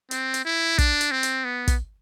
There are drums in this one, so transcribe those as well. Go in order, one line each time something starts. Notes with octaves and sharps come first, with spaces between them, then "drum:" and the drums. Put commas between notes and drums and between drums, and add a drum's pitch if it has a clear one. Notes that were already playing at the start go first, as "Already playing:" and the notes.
C4, drum: hi-hat
drum: hi-hat
E4
D4, drum: kick, hi-hat
drum: hi-hat
C4
drum: hi-hat
B3
drum: kick, hi-hat